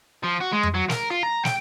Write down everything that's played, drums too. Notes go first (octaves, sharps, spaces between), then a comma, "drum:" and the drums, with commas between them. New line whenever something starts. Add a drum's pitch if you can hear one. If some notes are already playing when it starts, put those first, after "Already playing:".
F3
F#4
G#3
drum: tom F2
F#3
A#4, drum: snare
F4
A#5
G5, drum: snare